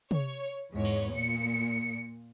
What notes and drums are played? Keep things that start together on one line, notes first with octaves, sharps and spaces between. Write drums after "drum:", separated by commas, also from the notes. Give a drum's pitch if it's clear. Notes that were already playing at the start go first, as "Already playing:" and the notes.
C#5, drum: tom C3
E2 G#2 C#5
drum: cymbal
A#2 C#7